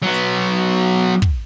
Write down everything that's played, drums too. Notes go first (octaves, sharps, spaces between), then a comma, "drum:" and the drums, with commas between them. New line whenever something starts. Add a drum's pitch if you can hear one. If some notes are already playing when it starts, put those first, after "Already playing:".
F#3 B3
drum: hi-hat
drum: kick